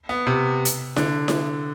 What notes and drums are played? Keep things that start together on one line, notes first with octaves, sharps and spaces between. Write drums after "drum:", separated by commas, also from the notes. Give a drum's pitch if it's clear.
B3
C3
drum: hi-hat
D3, drum: snare E4
drum: snare E4